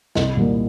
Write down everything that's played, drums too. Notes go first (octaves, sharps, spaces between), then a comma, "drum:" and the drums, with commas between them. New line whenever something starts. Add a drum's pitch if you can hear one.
C2 D#5, drum: snare
A#2 G3 A#3